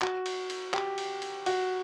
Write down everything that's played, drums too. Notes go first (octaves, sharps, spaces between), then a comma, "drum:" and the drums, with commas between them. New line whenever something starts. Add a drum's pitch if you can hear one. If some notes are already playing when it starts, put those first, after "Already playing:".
F#4, drum: clap
drum: cymbal
drum: cymbal
G4, drum: clap
drum: cymbal
drum: cymbal
F#4, drum: cymbal